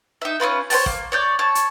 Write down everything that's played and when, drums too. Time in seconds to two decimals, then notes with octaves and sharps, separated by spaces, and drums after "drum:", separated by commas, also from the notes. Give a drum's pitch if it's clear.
0.22 D#4 E5
0.40 C#4 D#4 F4 B4
0.70 C5 C#5 G5 A5, drum: open hi-hat
0.86 A#3, drum: kick
1.12 C#5 D5 G6
1.39 C#5 A5
1.55 drum: hi-hat